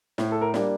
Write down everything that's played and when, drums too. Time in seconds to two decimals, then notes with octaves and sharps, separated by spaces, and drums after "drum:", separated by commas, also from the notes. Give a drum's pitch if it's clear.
0.18 A2, drum: snare
0.32 A4
0.41 A#4
0.54 G3 A#3 D4, drum: snare